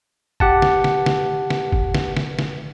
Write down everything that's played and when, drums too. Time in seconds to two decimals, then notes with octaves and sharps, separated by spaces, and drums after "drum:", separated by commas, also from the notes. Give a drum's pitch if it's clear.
0.40 G4 F#5 A5, drum: kick F#1
0.62 drum: snare
0.84 drum: snare
1.06 drum: snare
1.50 drum: snare
1.72 drum: kick F#1
1.94 drum: snare
2.17 drum: snare
2.39 drum: snare